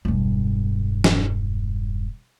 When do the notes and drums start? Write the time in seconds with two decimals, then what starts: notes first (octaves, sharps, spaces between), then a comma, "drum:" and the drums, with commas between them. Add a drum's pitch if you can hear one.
0.05 E1 G2
1.04 drum: snare